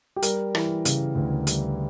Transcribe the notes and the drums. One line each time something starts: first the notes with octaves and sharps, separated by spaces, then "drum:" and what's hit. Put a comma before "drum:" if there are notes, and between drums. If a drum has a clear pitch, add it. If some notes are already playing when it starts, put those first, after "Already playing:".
G4
G3 A#4, drum: hi-hat
E3, drum: rim click
C#3, drum: hi-hat
D2
G3, drum: hi-hat